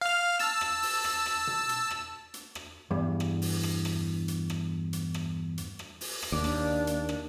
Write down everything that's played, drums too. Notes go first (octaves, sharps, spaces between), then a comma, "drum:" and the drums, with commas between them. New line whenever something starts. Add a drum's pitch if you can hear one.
F5 F6
A5 E6, drum: hi-hat
drum: rim click
drum: open hi-hat
drum: rim click
drum: rim click
drum: tom B2
drum: hi-hat
drum: rim click
drum: hi-hat
drum: rim click
E2 G2
drum: rim click
drum: open hi-hat
drum: rim click
drum: rim click
drum: hi-hat
drum: rim click
drum: hi-hat
drum: rim click
drum: hi-hat
drum: rim click
drum: open hi-hat
drum: rim click
D#2 D4 D5
drum: rim click
drum: hi-hat
drum: rim click